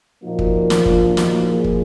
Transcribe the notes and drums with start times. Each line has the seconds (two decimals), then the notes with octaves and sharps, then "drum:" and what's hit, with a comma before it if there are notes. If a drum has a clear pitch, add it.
0.23 A#2 F3 A#3 D#4 F#4
0.39 drum: kick
0.70 drum: snare
0.86 D4 F4, drum: kick
1.17 D#4 F#4, drum: snare
1.48 F4 G#4
1.64 drum: kick